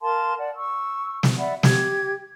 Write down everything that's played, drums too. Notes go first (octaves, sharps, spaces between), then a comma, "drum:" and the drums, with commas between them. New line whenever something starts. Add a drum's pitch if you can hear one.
A#4 F5 A5 C6
D5 F#5
C#6 E6
drum: snare
D5 E5 F#5 B5
G4 G#6, drum: snare